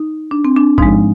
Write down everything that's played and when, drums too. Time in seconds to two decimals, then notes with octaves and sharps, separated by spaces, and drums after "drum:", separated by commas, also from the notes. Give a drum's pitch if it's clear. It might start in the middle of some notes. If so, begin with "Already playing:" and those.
Already playing: D#4
0.31 D4
0.45 C4
0.56 D4
0.78 G#2 F3 G#3 D#4, drum: kick